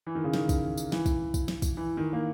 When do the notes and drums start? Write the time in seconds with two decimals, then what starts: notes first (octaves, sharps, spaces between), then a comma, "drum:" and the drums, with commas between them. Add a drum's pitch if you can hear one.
0.07 E3
0.15 D#3
0.24 C#3
0.34 D#3, drum: snare
0.49 drum: kick, tambourine
0.77 drum: tambourine
0.92 E3, drum: snare
1.06 drum: kick, tambourine
1.34 drum: kick, tambourine
1.48 drum: snare
1.62 drum: kick, tambourine
1.77 E3
1.97 D#3
2.13 A#3